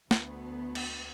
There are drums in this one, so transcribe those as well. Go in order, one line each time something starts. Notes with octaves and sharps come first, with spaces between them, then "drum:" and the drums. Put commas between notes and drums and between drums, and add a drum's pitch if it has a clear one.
D2 B3, drum: snare
drum: cymbal